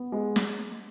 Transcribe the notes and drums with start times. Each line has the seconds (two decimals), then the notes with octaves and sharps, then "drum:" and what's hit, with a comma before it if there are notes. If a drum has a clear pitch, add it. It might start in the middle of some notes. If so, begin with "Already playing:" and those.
Already playing: B3
0.12 G#3
0.36 drum: snare